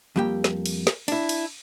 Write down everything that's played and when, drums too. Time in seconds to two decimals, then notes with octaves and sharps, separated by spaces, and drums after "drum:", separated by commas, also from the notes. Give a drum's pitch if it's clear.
0.16 F2 G3 A#3 G4 G5
0.44 drum: snare
0.66 drum: cymbal
0.87 drum: snare
1.08 D4 E4, drum: cymbal
1.29 drum: cymbal